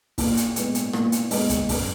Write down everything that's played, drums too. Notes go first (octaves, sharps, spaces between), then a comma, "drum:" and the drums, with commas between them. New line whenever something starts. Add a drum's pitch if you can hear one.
A#2, drum: kick, open hi-hat
drum: hi-hat
G#3 B3, drum: hi-hat
drum: hi-hat
A#2, drum: rim click
drum: hi-hat
G#3 B3, drum: open hi-hat
drum: kick, hi-hat
F#2, drum: kick, open hi-hat